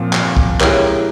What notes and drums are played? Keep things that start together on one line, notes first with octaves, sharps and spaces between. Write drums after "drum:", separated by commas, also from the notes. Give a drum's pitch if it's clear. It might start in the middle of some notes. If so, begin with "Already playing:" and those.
Already playing: A#2 F3 C4 F4
drum: clap
drum: kick
G#3 C#4 E4 G4 A#4, drum: clap